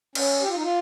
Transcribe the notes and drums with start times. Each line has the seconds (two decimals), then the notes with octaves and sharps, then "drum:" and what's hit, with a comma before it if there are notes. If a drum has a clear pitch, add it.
0.15 C#4, drum: cymbal
0.42 G4
0.48 F4
0.56 D#4
0.62 F4